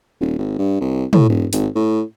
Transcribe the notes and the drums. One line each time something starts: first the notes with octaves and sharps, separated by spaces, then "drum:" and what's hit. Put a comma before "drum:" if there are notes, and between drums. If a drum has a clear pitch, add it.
D#1
G#1
G2
C2
A2, drum: tom
E1
G#1, drum: hi-hat
A2